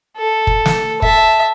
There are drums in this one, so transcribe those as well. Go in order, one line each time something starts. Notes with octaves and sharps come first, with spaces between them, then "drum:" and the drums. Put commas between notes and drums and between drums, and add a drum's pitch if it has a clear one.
A4
drum: kick
drum: snare
E5 A5, drum: kick